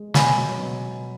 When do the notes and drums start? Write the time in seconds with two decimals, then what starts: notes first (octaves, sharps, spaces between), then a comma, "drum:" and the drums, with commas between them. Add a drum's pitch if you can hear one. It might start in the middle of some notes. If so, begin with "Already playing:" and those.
Already playing: G#3
0.14 B2 G#5 B5, drum: snare
0.37 F#3
0.59 B2